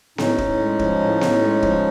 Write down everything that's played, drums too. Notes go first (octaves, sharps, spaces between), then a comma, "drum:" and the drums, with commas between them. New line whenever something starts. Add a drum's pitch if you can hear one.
A2 C#4 D#4, drum: snare B3
A2, drum: kick
G#3
F3, drum: kick
A2
A2, drum: snare B3
G#3
F3, drum: kick